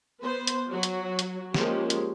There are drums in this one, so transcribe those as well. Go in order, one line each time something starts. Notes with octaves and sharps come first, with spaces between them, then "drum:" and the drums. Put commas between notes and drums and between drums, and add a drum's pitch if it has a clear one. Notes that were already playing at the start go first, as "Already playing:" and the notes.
B3 B4 C5
drum: hi-hat
F#3 F#4
drum: hi-hat
drum: hi-hat
F3 G#3 A#3 C#4 G4, drum: snare
drum: hi-hat